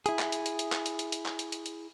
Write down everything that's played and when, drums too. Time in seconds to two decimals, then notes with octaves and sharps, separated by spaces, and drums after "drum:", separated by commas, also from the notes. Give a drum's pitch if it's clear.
0.06 E4 G#4, drum: hi-hat
0.19 drum: clap
0.32 drum: hi-hat
0.46 drum: hi-hat
0.59 drum: hi-hat
0.72 drum: clap
0.86 drum: hi-hat
0.99 drum: hi-hat
1.12 drum: hi-hat
1.26 drum: clap
1.39 drum: hi-hat
1.52 drum: hi-hat
1.66 drum: hi-hat